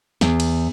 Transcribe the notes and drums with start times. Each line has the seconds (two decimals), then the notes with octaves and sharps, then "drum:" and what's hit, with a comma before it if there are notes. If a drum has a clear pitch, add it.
0.21 E2, drum: snare
0.40 drum: cymbal